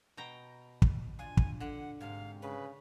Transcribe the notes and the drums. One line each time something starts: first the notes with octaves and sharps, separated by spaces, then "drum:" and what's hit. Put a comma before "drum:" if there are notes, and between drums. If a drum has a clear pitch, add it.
B2 G5 A#5
drum: kick
D4 F4 G#5
drum: kick
D3 F#5
G#2 C3 F5
C#3 B4